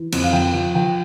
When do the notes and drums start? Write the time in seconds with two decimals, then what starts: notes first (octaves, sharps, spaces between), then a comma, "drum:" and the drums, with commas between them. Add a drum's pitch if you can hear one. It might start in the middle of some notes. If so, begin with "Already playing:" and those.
Already playing: E3
0.12 F2, drum: cymbal
0.23 F5
0.33 F3 G5
0.54 F3
0.75 F3 G5